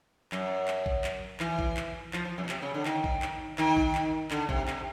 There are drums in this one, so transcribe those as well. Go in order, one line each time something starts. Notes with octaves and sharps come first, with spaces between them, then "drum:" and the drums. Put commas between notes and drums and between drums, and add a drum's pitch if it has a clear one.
F#2, drum: clap
drum: clap
drum: kick A1
drum: clap
E3, drum: clap
drum: kick A1
drum: clap
F3, drum: clap
F3
F#2
B2
C3, drum: clap
C#3
D3
D#3, drum: clap
drum: kick A1
drum: clap
D#3, drum: clap
drum: kick A1
drum: clap
D3, drum: clap
C3, drum: kick A1
C3, drum: clap